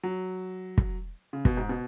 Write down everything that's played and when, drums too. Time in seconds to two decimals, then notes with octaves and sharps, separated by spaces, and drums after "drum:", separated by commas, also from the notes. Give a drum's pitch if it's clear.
0.03 F#3
0.78 drum: kick
1.33 C#3
1.45 B2, drum: kick
1.57 G#2
1.69 B2